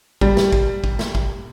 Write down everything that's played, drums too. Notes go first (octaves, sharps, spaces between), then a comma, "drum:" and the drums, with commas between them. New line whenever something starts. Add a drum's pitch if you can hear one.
G3, drum: kick
drum: snare
drum: kick
drum: kick
drum: snare
drum: kick